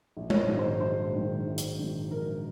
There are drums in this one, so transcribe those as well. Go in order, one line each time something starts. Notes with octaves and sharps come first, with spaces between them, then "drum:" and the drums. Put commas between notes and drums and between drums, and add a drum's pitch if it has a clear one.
A#1
C#5, drum: tom G#3
C5
G#2 D#3 F#3
C5
A#1 C5
G#2 D#3 F#3
A#1
drum: hi-hat
G#2 D#3 F#3
A#1 A#4